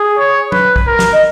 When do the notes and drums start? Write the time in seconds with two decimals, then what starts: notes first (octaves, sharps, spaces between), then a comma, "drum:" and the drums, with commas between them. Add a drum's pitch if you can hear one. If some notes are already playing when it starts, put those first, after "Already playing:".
Already playing: G#4
0.18 C#5
0.52 B4, drum: tom F#3
0.76 drum: kick B1
0.87 A#4
0.99 drum: snare
1.12 D#5